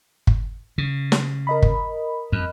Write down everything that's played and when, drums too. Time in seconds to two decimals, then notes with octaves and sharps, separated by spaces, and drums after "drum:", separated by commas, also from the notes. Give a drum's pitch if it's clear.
0.27 drum: kick
0.78 C#3
1.12 drum: snare
1.47 A#4 D#5 B5
1.62 drum: kick
2.32 F2